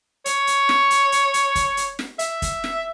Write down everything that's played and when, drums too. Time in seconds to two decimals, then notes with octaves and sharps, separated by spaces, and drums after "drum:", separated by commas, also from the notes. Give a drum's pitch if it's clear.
0.26 C#5, drum: hi-hat
0.47 drum: hi-hat
0.69 drum: snare
0.91 drum: hi-hat
1.12 drum: hi-hat
1.34 drum: hi-hat
1.55 drum: kick, hi-hat
1.77 drum: hi-hat
1.99 drum: snare
2.19 E5, drum: hi-hat
2.42 drum: kick, hi-hat
2.64 drum: snare